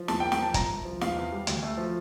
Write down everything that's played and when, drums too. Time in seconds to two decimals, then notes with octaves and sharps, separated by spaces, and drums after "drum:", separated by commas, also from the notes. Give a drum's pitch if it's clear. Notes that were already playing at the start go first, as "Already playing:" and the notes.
Already playing: F3
0.08 E2 A5, drum: snare
0.20 G5
0.23 A#3
0.32 G5, drum: snare
0.39 F3 A5
0.54 C2 A#5, drum: kick, hi-hat
0.71 C2
0.85 F3
1.01 E2 F5, drum: snare
1.17 E2
1.32 G3
1.47 D2, drum: hi-hat
1.63 A3
1.77 F3